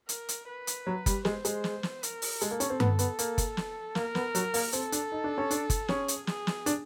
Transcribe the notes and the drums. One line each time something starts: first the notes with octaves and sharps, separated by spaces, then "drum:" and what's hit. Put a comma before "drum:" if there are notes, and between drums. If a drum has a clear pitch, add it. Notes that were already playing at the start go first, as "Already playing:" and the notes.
A#4, drum: hi-hat
drum: hi-hat
B4
drum: hi-hat
F#3
G3, drum: kick, hi-hat
G#3 C5, drum: snare
G#3, drum: hi-hat
drum: snare
drum: snare
A#4, drum: hi-hat
drum: open hi-hat
G#3 A4, drum: hi-hat
A#3
C#4, drum: hi-hat
C4
B3, drum: tom G2
B3, drum: hi-hat
A#3, drum: hi-hat
drum: kick, hi-hat
drum: snare
A#3 A#4, drum: snare
B3, drum: snare
F#3, drum: hi-hat
A#3, drum: open hi-hat
C4 A4, drum: hi-hat
D4, drum: hi-hat
D#4
D4
C#4
D4, drum: hi-hat
drum: kick, hi-hat
C#4 G#4, drum: snare
drum: hi-hat
G#4, drum: snare
drum: snare
D4, drum: hi-hat